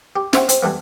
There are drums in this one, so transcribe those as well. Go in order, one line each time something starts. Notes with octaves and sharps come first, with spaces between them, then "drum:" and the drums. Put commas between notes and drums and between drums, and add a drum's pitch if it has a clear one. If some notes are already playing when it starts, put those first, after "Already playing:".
G4
E4 C5 C#5 E5 F#5 G5, drum: snare
C4, drum: hi-hat
E3 G3 A3 B3